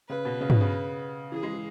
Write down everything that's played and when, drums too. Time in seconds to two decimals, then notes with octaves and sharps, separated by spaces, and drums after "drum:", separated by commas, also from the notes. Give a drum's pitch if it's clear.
0.09 C#3 B4
0.25 B2
0.41 C#3
0.50 B2, drum: tom
0.61 C#3
1.32 E3 G#4
1.43 G#3
1.53 E3